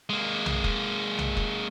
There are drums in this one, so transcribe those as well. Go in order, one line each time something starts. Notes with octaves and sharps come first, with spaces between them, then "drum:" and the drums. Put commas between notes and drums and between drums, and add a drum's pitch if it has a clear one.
G#3 A#3
drum: tom B1
drum: kick
drum: tom B1
drum: kick